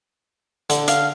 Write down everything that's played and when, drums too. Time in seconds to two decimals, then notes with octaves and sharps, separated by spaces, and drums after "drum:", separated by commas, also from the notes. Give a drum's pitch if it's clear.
0.70 D3, drum: hi-hat
0.88 F5, drum: hi-hat